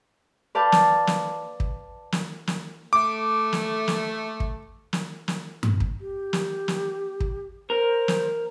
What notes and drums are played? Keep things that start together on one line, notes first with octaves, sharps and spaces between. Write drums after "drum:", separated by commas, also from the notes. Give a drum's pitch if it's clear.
B4 D5 F5 A5 G6
drum: snare
drum: snare
drum: kick
drum: snare
drum: snare
A3 D6
drum: snare
drum: snare
drum: kick
drum: snare
drum: snare
drum: tom G2
drum: kick
G4
drum: snare
drum: snare
drum: kick
A#4 C5
drum: snare